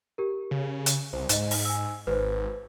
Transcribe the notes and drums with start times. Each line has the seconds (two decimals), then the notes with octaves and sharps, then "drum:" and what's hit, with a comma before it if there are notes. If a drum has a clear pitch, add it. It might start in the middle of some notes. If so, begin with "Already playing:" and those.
0.18 G4 A#4
0.51 C#3
0.86 drum: hi-hat
1.13 C2 C5
1.29 G#2 C5 D#5, drum: hi-hat
1.51 drum: open hi-hat
1.65 G#5 E6
2.07 G#1 B4 C5